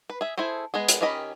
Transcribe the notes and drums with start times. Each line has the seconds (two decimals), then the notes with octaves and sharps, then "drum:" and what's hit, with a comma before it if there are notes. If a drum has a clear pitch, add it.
0.10 B4
0.21 G#4 E5
0.38 E4 G#4 A4 C5
0.74 G#3 B3 G#4
0.88 drum: hi-hat
1.01 D#3 C#4 G4 D#5 B5